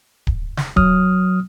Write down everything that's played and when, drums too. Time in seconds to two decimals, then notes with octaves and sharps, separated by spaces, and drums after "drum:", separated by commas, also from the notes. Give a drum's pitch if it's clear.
0.27 drum: kick D1
0.57 drum: snare
0.76 F#3 D#6 F6, drum: kick D1